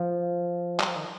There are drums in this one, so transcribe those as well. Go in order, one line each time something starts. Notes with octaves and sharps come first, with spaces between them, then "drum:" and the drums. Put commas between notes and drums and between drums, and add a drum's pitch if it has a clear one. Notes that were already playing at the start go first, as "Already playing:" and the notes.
Already playing: F3
G3, drum: clap
F3
D#3